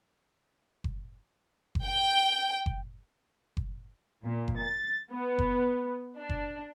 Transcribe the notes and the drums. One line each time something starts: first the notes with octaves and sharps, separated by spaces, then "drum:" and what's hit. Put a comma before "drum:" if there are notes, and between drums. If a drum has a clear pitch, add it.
drum: kick F#1
drum: kick F#1
G5
drum: kick F#1
drum: kick F#1
A#2
drum: kick F#1
A6
B3
drum: kick F#1
D4
drum: kick F#1